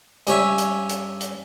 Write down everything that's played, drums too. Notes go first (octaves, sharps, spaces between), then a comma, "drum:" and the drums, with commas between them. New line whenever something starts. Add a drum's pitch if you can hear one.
G2 C#4 C#5 E5, drum: hi-hat
drum: hi-hat
drum: hi-hat
drum: hi-hat